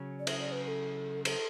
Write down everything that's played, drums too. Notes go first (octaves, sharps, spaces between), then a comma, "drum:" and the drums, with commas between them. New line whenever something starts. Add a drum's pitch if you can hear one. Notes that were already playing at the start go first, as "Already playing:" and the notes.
Already playing: C#3 F#3 C#4
D5
E5, drum: cymbal
D5
B4
B4
A4
A4, drum: cymbal